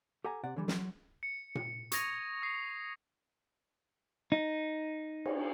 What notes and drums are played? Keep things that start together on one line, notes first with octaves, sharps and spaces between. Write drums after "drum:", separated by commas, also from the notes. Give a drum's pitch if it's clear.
G4 A4 F#5 G#5 A#5
C3 D5 F#5
D3 E3 G3
F#3 C6, drum: snare
C#7
drum: tom A#2
C#6 D#6 G#6 A#6 F7, drum: hi-hat
D#6 C7
D#4
drum: cymbal